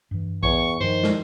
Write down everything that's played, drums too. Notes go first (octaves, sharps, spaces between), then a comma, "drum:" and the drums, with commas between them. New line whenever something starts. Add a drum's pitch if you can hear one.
G2 E3
E2 C#6, drum: kick
G2 D#3 F3 C5
drum: snare